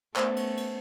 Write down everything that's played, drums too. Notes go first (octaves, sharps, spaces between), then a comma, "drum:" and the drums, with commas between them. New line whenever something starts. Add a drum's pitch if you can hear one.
A3 B3 C#4 C5, drum: clap
drum: cymbal
drum: cymbal